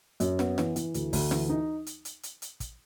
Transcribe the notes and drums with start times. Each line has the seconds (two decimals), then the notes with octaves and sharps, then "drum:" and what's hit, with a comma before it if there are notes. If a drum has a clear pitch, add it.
0.20 F#2, drum: hi-hat
0.39 B3, drum: snare
0.58 E3, drum: snare
0.76 E3, drum: hi-hat
0.94 D2, drum: hi-hat
1.13 D2, drum: kick, open hi-hat
1.31 E3, drum: snare
1.49 D#4
1.86 drum: hi-hat
2.05 drum: hi-hat
2.23 drum: hi-hat
2.42 drum: hi-hat
2.60 drum: kick, hi-hat